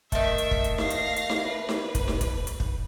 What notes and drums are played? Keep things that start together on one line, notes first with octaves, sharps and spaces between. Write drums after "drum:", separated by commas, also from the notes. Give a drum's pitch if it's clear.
D#3 A3 E5, drum: kick, hi-hat
drum: hi-hat
drum: kick
drum: hi-hat
F5 A#6, drum: snare D#4
drum: hi-hat
drum: hi-hat
drum: snare D#4
B4
drum: snare D#4
drum: kick, hi-hat
drum: snare D#4
drum: kick, hi-hat
drum: hi-hat
drum: kick